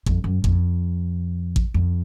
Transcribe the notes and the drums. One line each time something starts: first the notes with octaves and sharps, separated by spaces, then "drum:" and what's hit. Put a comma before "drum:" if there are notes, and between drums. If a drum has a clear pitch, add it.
F2, drum: kick A1
F#2
F2, drum: kick A1
drum: kick A1
F2